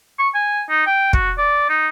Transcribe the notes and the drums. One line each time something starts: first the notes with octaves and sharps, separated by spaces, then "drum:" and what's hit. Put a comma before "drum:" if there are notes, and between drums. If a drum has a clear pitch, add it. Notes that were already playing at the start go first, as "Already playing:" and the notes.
C#6
G#5
D#4
G5
F#4, drum: kick
D5
D#4